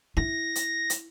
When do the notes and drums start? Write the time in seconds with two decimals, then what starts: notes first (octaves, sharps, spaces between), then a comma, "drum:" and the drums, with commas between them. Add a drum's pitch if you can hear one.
0.17 E4 A#6
0.55 drum: hi-hat
0.90 drum: hi-hat